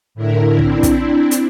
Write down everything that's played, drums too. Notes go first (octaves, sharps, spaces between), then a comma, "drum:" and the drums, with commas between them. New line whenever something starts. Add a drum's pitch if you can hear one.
A2 D3 E4 A#4
C4 D4 E4, drum: kick
drum: kick, hi-hat
drum: hi-hat